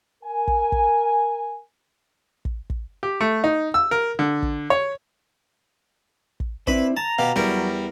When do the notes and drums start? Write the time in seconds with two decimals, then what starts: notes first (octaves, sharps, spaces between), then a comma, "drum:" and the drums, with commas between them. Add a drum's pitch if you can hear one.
0.24 A#4 G#5
0.48 drum: kick
0.72 drum: kick
2.45 drum: kick
2.70 drum: kick
3.03 G4
3.21 A3
3.44 D#4
3.74 E6
3.91 A#4
4.19 D3
4.42 drum: kick
4.70 C#5
6.40 drum: kick
6.67 C4 D4 E4 B4 B5, drum: kick
6.97 A5 A#5
7.19 B2 G4 F5
7.36 E2 F#3 G3 A#4